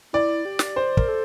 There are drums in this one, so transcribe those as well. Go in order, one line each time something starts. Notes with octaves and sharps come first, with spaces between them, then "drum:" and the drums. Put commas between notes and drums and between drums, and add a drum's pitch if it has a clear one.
E4 D5
G4
drum: snare
C5
A#4, drum: kick
A4